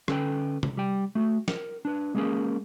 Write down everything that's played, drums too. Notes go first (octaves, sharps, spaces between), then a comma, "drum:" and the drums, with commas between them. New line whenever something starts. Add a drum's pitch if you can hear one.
D3 C#4 A4 B4 D5 G5, drum: rim click
drum: tom C3
G3 G5
A3 F#4
A#4, drum: snare
D4 B4
G#3 A#3 B3 C#4 G#4 A#4